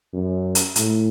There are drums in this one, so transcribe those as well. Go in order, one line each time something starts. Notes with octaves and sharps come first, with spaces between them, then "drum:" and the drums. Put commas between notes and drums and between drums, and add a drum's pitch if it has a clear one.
F#2
drum: hi-hat
A2, drum: hi-hat